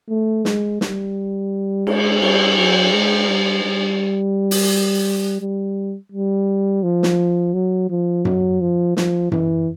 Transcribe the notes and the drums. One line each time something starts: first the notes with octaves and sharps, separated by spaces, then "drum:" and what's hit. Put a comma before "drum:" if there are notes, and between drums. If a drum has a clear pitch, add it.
A3
G#3, drum: snare
G3, drum: snare
G#3, drum: cymbal
G3, drum: cymbal
F#3
G#3
G3
G3
drum: open hi-hat
G3
G3
F3
drum: snare
F#3
F3
F#3, drum: tom F#2
F3
F3, drum: snare
E3, drum: tom F#2